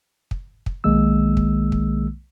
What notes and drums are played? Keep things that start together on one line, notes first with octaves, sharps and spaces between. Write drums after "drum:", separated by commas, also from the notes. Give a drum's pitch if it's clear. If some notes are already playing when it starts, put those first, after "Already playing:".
drum: kick
drum: kick
B1 D#3 G#3 A#3 E6
drum: kick
drum: kick